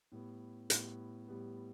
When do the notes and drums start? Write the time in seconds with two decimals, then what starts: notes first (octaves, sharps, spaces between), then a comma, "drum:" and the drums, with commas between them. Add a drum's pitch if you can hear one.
0.12 A2 G3 B3
0.70 A2 G3 B3, drum: hi-hat
1.28 A2 G3 B3